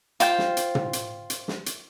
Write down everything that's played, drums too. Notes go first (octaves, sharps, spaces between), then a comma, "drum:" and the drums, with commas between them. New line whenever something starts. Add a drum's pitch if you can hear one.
F4 C5 G5, drum: hi-hat
drum: snare
drum: hi-hat
drum: tom
drum: hi-hat
drum: hi-hat
drum: snare
drum: hi-hat